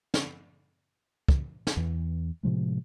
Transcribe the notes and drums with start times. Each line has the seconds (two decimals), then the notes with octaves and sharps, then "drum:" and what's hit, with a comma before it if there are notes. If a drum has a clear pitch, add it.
0.14 drum: snare
1.28 drum: kick
1.67 drum: snare
1.77 E2 E3
2.43 A2 C3 F3 G#3